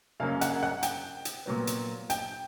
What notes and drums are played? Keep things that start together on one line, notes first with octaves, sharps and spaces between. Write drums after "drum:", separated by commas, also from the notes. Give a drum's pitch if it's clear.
F#2 C#3 F#3 A#3 C#4 F5
F#5, drum: hi-hat
F#5
G5, drum: hi-hat
drum: hi-hat
A#2 F#3 B3
drum: hi-hat
G5, drum: hi-hat